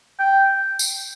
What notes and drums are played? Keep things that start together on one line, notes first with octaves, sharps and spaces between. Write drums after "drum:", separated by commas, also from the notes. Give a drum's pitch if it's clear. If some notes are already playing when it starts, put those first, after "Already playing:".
G5
drum: tambourine